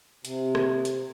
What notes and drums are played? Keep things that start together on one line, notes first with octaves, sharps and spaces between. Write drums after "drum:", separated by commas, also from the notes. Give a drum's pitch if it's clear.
C3, drum: hi-hat
drum: rim click
drum: hi-hat